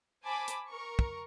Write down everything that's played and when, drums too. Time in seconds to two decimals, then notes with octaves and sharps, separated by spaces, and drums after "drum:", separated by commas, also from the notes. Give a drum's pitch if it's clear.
0.22 C5 G#5 A5 B5 D6
0.48 drum: hi-hat
0.69 A#4 C#6
0.99 drum: kick